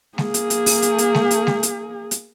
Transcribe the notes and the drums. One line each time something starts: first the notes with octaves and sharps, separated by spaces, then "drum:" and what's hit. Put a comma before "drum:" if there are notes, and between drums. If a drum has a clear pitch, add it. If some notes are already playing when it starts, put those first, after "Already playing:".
A#3 G#4, drum: snare G#3
drum: hi-hat
drum: hi-hat
drum: open hi-hat
drum: hi-hat
drum: hi-hat
drum: snare G#3
drum: hi-hat
drum: snare G#3
drum: hi-hat
drum: hi-hat